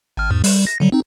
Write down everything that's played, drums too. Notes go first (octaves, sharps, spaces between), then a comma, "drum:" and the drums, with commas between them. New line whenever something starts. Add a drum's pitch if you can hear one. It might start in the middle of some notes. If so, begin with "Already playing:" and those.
G#1 F6
E2 G#2
G3, drum: open hi-hat
A#6
D3 F#3 G3
C4 D#4